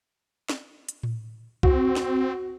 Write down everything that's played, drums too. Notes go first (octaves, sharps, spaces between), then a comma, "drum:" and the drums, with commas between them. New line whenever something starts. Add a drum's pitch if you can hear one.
drum: snare
drum: hi-hat
drum: tom A2
C4 F#4, drum: kick
drum: snare